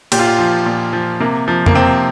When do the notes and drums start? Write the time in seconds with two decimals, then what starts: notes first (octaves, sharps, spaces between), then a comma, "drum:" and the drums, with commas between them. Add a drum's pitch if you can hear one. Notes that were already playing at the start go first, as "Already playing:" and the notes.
0.12 A#2 G4, drum: cymbal
0.19 F4
0.27 G4
0.39 F3
0.66 A#2
0.93 F3
1.20 C3 A#3
1.48 F3
1.66 A#3, drum: tom F2
1.75 C3 C4